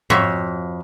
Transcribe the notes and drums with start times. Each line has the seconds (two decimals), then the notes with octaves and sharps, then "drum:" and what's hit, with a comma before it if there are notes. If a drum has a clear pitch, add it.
0.10 F2 F#4 C#5 E5, drum: tom G#2